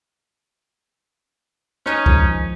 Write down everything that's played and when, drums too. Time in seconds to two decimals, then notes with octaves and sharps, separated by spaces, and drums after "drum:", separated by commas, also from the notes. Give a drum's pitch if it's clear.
1.86 C#4 D#4 C#5 F6 F#6, drum: rim click
2.06 D#3 F3 G#3, drum: kick C2